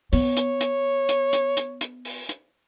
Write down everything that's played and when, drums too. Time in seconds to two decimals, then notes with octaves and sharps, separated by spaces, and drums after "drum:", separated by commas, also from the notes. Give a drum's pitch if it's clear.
0.13 B3 C#5, drum: open hi-hat
0.37 drum: hi-hat
0.61 drum: hi-hat
1.09 drum: hi-hat
1.33 drum: hi-hat
1.57 drum: hi-hat
1.81 drum: hi-hat
2.05 drum: open hi-hat
2.29 drum: hi-hat